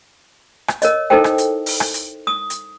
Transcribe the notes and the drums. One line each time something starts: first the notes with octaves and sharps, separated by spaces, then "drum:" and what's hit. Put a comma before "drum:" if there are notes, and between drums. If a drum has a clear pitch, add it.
drum: rim click
A#4 C#5 D#5, drum: hi-hat
D#4 E4 A4 A#4 C5 G5
drum: rim click
drum: hi-hat
drum: open hi-hat
drum: rim click
drum: hi-hat
D#6
drum: hi-hat